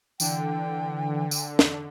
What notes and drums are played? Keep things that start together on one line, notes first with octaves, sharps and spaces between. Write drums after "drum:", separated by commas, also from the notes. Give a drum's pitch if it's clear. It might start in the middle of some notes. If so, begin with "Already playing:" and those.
D3 E3 G5, drum: tambourine
drum: tambourine
drum: snare